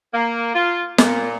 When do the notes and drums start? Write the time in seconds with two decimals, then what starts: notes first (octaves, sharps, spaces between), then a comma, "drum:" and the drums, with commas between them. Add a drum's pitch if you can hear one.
0.14 A#3
0.54 F4
0.98 A#2, drum: snare